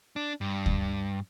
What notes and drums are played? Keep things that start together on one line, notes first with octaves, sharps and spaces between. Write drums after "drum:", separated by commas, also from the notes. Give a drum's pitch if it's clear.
D4
G2
drum: kick D2